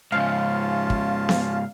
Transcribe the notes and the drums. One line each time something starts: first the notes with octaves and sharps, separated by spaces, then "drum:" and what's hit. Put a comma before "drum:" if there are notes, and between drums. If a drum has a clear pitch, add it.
G#2 C#3 C#4 F4 F5 A5
drum: kick
drum: snare B3